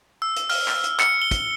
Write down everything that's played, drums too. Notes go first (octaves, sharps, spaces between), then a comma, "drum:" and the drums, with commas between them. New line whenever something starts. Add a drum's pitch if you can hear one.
E6
drum: hi-hat
F6, drum: open hi-hat
drum: clap
drum: hi-hat
C#7, drum: clap
G7
drum: kick, hi-hat